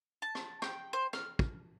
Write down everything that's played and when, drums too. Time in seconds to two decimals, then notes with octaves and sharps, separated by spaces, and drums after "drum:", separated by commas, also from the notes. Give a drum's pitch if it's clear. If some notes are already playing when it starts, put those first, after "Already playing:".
0.22 A5
0.35 drum: rim click
0.62 G5, drum: rim click
0.93 C5
1.13 F6, drum: rim click
1.39 drum: kick